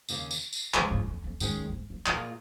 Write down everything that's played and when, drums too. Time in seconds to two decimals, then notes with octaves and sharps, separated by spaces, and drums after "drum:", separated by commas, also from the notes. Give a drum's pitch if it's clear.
0.09 D#2 C#3 A#3 C#4, drum: tambourine
0.31 drum: tambourine
0.53 drum: tambourine
0.74 F2 C#3 F3 G#3 F4 C#5, drum: clap
0.91 G#2
1.07 F2
1.24 F2
1.40 G#2 D#3 G#3 C#4, drum: tambourine
1.57 F2
1.69 F2
1.73 G#2
1.90 F3
2.06 A#2 F3 A#3 F4 G#4 D#5, drum: clap